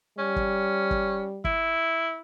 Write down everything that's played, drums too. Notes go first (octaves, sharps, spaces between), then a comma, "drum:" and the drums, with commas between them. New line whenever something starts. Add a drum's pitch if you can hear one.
G3 C#4
drum: kick
drum: kick
E4, drum: kick